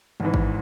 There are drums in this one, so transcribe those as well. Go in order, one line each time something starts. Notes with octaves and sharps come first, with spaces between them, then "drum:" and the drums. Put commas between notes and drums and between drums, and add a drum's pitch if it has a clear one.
G#1 G#2 E3, drum: tom C#3
drum: kick G#1